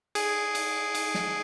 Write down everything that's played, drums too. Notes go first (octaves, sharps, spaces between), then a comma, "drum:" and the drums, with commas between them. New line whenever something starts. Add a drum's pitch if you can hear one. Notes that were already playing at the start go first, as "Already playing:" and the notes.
G#4, drum: cymbal
drum: cymbal
drum: cymbal
drum: snare